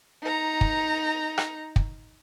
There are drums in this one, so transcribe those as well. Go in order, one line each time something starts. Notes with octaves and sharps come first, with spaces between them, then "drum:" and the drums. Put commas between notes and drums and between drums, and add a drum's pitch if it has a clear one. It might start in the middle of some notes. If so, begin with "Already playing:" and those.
D#4 A#5
drum: kick
drum: rim click
drum: kick